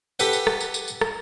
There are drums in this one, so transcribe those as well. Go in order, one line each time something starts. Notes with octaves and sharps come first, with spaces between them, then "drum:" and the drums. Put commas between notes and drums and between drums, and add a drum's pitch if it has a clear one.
G4 A4 B4 F#5, drum: tambourine
drum: tambourine
drum: rim click
drum: tambourine
drum: tambourine
drum: tambourine
drum: rim click